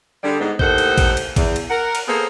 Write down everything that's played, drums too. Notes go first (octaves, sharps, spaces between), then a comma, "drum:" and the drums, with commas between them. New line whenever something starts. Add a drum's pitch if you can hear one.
D3 G3 G#4
G#2 G#3 B3
D#2 A2 D#3 A4 C5 F#5, drum: kick A1
drum: cymbal
drum: kick A1, cymbal
drum: cymbal
E2, drum: kick A1, cymbal
drum: cymbal
A#4 F#5
drum: cymbal
A#3 B3 G#4 A4 C5